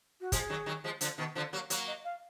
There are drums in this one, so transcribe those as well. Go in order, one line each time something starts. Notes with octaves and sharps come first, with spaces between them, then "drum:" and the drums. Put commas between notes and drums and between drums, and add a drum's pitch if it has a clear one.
F#4
F3 G#3 G#4, drum: kick, hi-hat
D#3 F#3
D#3 F#3
F3 G#3
D3 F3, drum: hi-hat
B2 D#3
D3 F3
F#3 A#3
F#3 A#3, drum: hi-hat
D#5
F5